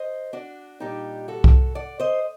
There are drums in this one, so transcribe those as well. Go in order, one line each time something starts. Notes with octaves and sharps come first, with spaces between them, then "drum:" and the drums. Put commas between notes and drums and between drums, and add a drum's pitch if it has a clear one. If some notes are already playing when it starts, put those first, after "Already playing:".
Already playing: C5 D#5
D4 F#4
A#2 G3 D4 D#4 G4
F#4 A4
drum: kick C2
D5 F#5
C5 D#5